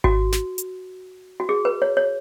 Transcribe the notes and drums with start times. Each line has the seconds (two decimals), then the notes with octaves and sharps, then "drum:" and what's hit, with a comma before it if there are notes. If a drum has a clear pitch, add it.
0.04 F#4, drum: kick G#1
0.32 drum: snare
0.58 drum: hi-hat
1.40 F#4
1.49 G#4
1.65 B4
1.82 C#5
1.97 C#5